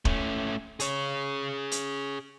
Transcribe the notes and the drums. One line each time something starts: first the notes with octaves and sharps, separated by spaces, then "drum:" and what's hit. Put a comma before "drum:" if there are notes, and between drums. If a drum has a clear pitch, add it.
A3 C#4, drum: kick
G#4 C#5, drum: hi-hat
drum: hi-hat